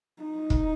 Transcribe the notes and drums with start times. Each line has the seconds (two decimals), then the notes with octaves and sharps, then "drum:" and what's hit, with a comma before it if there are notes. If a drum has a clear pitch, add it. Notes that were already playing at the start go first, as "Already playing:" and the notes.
0.23 D#4
0.50 drum: kick